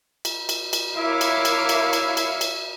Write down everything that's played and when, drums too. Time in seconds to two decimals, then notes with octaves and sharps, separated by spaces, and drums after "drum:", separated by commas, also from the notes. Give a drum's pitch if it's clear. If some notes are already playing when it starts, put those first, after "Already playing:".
0.25 drum: cymbal
0.49 drum: cymbal
0.73 drum: cymbal
0.97 E4 A#4 C#5 E5 F5 D6
1.21 drum: cymbal
1.45 drum: cymbal
1.69 drum: cymbal
1.93 drum: cymbal
2.17 drum: cymbal
2.41 drum: cymbal